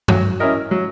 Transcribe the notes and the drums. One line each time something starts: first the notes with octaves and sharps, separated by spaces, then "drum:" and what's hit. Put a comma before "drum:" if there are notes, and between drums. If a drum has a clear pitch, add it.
F#3, drum: tom G2
C#4 E4 A#4 D#5
F#3